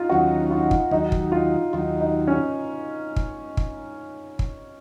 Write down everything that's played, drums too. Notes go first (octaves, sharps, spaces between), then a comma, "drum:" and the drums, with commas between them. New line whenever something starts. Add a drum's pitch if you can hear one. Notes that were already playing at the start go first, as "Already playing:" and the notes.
Already playing: D#4 F4
D#2 D#3 F#3 C#4 F#4
F4
drum: kick
D#2 D#3 F#3 D#4
drum: kick
F4
D#2 D#3 F#3 F4
D#4
C#4
drum: kick
drum: kick
drum: kick